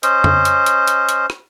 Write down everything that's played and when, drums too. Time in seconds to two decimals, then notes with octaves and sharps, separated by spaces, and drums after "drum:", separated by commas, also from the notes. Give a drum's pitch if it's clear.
0.03 C#4 C5 D#5, drum: hi-hat
0.24 drum: tom
0.45 drum: hi-hat
0.66 drum: hi-hat
0.88 drum: hi-hat
1.09 drum: hi-hat
1.30 drum: rim click